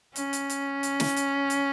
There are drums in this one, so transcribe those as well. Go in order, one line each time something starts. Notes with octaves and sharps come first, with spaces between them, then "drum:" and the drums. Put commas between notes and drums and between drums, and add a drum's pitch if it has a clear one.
C#4, drum: hi-hat
drum: hi-hat
drum: hi-hat
drum: hi-hat
drum: snare
drum: hi-hat
drum: hi-hat